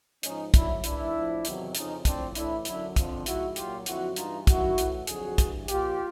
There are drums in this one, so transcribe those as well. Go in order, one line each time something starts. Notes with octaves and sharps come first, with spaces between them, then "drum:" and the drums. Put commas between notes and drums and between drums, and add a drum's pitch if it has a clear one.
G#2 F3 C#4 D#4, drum: hi-hat
A2 F#3 D4 E4, drum: kick, hi-hat
G#2 E3 D4 E4, drum: hi-hat
A2 F3
E2 C3 D#3 F#3, drum: hi-hat
F2 C#3 F3 C#4 D#4, drum: hi-hat
A2 F3 C4 D4, drum: kick, hi-hat
A2 E3 D4 E4, drum: hi-hat
F#2 D3 F#3 D4 E4, drum: hi-hat
F2 D3 F3, drum: kick, hi-hat
G#2 F3 E4 F#4, drum: hi-hat
A#2 F#3 F4 G4, drum: hi-hat
F2 D3 F#3 E4 F#4, drum: hi-hat
G2 E3 D#4 F4, drum: hi-hat
F#2 D#3 F#3 E4 F#4, drum: kick, hi-hat
A2 E3, drum: hi-hat
F2 D3 F#3 F#4 G#4, drum: hi-hat
G2 E3, drum: kick, hi-hat
A#2 F3 F4 G4, drum: hi-hat